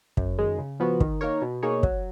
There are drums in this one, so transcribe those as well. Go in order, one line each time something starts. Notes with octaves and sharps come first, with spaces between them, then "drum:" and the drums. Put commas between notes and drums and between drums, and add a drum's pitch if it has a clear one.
F#2, drum: kick
D#3 G#3
C#3
F3 B3 F#4
D#3, drum: kick
A#3 D#4 A#4 C#5
B2
A#3 D#4 G#4 C#5
F#3, drum: kick